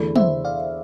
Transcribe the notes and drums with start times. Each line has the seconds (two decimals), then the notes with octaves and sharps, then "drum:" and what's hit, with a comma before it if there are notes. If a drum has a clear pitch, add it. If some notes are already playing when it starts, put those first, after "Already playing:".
Already playing: E2 D3 A3 E4
0.16 C5 E5, drum: tom
0.45 D5 F5